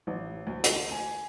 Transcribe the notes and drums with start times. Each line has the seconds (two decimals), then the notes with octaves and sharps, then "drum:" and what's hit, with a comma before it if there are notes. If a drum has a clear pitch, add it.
0.07 A1
0.47 D2
0.64 drum: hi-hat
0.92 G#5